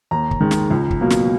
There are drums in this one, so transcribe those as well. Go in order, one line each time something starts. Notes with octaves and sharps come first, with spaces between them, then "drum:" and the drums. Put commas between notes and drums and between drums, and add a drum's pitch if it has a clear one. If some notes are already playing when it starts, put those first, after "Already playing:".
D#2 A#5
drum: kick
D#3 G#3
drum: snare
C#2
drum: kick
B2 F#3 A#3
drum: snare